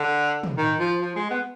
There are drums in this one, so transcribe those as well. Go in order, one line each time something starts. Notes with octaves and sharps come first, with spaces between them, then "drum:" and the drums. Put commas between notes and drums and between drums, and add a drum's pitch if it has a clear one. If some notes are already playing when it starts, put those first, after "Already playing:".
Already playing: D3
drum: tom
D#3
F3
F3
G#3
B3